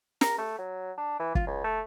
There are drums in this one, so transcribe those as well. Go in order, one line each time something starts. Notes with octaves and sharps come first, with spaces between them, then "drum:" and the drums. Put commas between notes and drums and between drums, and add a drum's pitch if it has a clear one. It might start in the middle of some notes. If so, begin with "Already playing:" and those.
A#4, drum: snare
A3
F#3
D4
E3
F4, drum: kick
C#2
A3